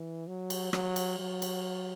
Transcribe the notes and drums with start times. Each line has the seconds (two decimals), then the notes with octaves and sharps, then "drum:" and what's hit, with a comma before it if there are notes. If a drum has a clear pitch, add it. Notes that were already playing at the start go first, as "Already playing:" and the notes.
Already playing: E3
0.27 F#3
0.50 drum: cymbal
0.73 F#3, drum: rim click
0.96 drum: cymbal
1.19 F#3
1.42 drum: cymbal